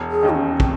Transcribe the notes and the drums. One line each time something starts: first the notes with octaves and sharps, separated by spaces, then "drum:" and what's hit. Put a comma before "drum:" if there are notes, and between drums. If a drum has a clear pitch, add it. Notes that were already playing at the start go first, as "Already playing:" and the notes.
Already playing: E1
G#4
D#2 D#3
D#4
C#4
C4, drum: kick